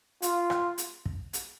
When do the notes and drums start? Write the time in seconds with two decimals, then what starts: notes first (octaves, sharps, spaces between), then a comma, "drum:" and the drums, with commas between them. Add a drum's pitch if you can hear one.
0.22 F4, drum: hi-hat
0.50 drum: rim click
0.78 drum: hi-hat
1.06 drum: kick
1.33 drum: hi-hat